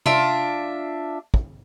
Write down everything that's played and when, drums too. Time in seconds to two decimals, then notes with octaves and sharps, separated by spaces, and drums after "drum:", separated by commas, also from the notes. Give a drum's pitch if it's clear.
0.06 D4 F4 E5, drum: tom C3
1.34 drum: kick